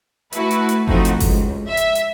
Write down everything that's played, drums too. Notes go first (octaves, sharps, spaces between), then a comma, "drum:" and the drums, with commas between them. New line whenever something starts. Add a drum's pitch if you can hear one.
A3 E4 F#4 B4, drum: hi-hat
drum: hi-hat
drum: hi-hat
F3 A3 C4 D#4 F#4, drum: kick G1
drum: hi-hat
C#2, drum: kick G1, open hi-hat
E5
drum: hi-hat
drum: hi-hat